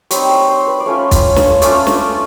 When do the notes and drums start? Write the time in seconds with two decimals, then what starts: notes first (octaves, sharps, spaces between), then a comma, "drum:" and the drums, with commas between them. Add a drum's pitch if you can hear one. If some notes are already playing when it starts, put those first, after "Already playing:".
0.11 G3 C4 D#4 C#5, drum: hi-hat
0.30 C5
0.49 C5
0.67 B4
0.80 D5
0.86 A3 C#4 F4 C#5
1.11 drum: kick, hi-hat
1.36 drum: snare
1.62 A3 C#4 F4 D5, drum: hi-hat
1.87 drum: snare